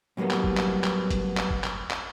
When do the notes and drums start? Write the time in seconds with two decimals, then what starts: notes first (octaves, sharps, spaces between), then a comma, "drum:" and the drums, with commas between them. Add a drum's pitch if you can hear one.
0.17 A2 F#3 G3 A#3 B3
0.30 drum: clap
0.44 drum: kick
0.57 drum: clap
0.84 drum: clap
1.10 drum: kick, hi-hat
1.37 drum: clap
1.50 drum: kick
1.64 drum: clap
1.90 drum: clap